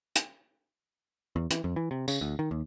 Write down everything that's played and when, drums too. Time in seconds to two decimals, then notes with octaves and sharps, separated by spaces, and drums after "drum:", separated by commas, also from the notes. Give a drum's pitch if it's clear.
0.16 drum: hi-hat
1.36 E2
1.51 E3, drum: hi-hat
1.64 F2
1.76 E3
1.91 C3
2.08 C#3, drum: tambourine
2.21 D2
2.39 D#3
2.51 D#2